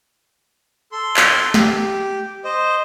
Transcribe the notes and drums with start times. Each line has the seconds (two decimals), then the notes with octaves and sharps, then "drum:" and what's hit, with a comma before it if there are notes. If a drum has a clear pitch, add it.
0.92 A4 C6
1.17 drum: clap
1.54 G4, drum: snare
2.45 C5 D#5